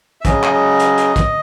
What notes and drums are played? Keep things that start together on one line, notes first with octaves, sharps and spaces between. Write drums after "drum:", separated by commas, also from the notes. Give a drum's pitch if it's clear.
E5
C#3 F#3 C#4 D#5, drum: kick, hi-hat
drum: clap
D#5
drum: hi-hat
drum: hi-hat
drum: kick, hi-hat